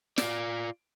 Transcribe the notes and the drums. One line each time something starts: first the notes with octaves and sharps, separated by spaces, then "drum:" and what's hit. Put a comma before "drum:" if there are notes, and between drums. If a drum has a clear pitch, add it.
F4 D5, drum: snare